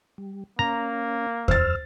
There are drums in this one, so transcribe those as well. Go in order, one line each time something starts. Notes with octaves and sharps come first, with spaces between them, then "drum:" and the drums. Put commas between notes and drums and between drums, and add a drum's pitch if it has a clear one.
G3
A#3 C#4 A#5
F2 C5 E6 F6 A6, drum: kick D#2